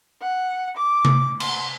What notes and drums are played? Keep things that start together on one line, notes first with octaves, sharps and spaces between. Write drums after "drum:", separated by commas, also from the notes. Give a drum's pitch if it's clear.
F#5
D6
drum: tom C3
C6, drum: cymbal